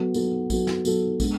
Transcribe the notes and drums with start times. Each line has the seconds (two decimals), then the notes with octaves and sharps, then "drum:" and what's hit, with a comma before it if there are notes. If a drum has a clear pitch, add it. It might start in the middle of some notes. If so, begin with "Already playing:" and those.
Already playing: F#3 B3 F#4 A4
0.14 F#3 B3 F#4 A4, drum: tambourine
0.50 F#3 B3 F#4 A4, drum: kick, tambourine
0.67 drum: snare
0.85 F#3 B3 F#4 A4, drum: tambourine
1.20 G#3 B3 D4, drum: kick, tambourine